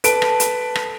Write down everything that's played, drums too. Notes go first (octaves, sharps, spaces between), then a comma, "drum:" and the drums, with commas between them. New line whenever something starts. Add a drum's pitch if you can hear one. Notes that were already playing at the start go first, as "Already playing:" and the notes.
A4 B4 D6 D7, drum: hi-hat
drum: rim click
drum: hi-hat
drum: rim click